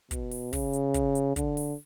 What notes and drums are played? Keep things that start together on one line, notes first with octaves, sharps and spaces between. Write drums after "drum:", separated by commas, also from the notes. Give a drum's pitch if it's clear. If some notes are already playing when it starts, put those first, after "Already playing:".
B2, drum: kick, hi-hat
drum: open hi-hat
C#3, drum: kick, open hi-hat
drum: hi-hat
drum: kick, hi-hat
drum: hi-hat
D3, drum: kick, hi-hat
drum: open hi-hat